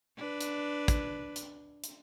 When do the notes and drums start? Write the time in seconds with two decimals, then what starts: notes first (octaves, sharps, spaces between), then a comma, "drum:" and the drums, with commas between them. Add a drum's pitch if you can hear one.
0.17 D4 B4
0.41 drum: hi-hat
0.88 drum: kick, hi-hat
1.36 drum: hi-hat
1.84 drum: hi-hat